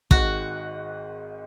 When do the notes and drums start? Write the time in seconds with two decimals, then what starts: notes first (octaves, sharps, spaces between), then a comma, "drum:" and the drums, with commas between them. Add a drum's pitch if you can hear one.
0.11 G#1 G#2 D#3 F#4, drum: kick